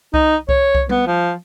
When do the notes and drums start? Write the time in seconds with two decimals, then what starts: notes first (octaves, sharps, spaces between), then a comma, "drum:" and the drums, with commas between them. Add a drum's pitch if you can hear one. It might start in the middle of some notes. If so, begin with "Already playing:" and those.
0.14 D#4, drum: kick C2
0.49 C#5, drum: kick C2
0.75 drum: kick C2
0.89 B3, drum: tom G3
1.07 F3